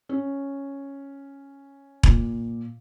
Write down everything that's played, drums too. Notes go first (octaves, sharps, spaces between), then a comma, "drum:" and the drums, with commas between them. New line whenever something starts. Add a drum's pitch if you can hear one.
C#4
A#2, drum: kick E1